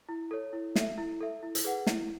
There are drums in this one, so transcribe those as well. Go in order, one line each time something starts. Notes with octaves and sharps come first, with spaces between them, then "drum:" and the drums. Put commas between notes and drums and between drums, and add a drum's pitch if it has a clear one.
E4
A4 C#5
E4
A4 E5, drum: snare
E4
A4 E5
E4
drum: hi-hat
G#4 B4 F#5
E4, drum: snare